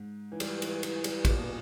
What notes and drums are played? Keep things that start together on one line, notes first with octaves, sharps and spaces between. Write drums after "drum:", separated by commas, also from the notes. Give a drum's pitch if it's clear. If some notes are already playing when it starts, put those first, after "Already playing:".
Already playing: G#2
E3
G3, drum: cymbal
E3, drum: cymbal
E3, drum: cymbal
G3, drum: cymbal
A#2, drum: kick, cymbal
B2